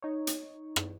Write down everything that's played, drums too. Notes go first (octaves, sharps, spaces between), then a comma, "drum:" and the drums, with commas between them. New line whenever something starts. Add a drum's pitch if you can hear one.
D#4 C#5
drum: hi-hat
drum: rim click